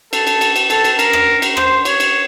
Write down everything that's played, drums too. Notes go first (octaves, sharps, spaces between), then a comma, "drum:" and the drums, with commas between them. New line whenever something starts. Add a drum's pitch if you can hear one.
A4, drum: cymbal
drum: cymbal
drum: cymbal
drum: cymbal
A4, drum: cymbal
drum: cymbal
A#4, drum: cymbal
drum: rim click
drum: cymbal
C5, drum: rim click
C#5, drum: cymbal
drum: cymbal